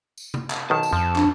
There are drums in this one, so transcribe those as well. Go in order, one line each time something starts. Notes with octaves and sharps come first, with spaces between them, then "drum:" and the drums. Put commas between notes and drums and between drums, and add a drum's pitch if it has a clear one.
drum: tambourine
drum: tom
drum: clap
B1 D#3 A5
drum: tambourine
F2 F3
D4, drum: clap